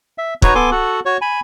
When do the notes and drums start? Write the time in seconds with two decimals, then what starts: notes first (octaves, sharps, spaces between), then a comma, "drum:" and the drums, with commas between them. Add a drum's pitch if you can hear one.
0.18 E5
0.42 D#4 F#4 B4 C#5 A#5, drum: kick
0.55 B3 A4 G#5 C6 D6
0.71 F#4 A4 F#5
1.05 F#4 C#5
1.21 G#5 B5